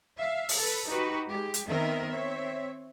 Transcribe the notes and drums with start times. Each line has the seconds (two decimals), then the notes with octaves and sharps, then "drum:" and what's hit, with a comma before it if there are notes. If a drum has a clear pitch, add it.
0.18 E5 F5
0.49 drum: open hi-hat
0.59 A4 B4
0.88 D#4 F#4 G4 B4
1.29 G#3 G4
1.54 drum: hi-hat
1.67 D#3 B3 C4 A#4 D#5 E5
2.08 C4 C#5 E5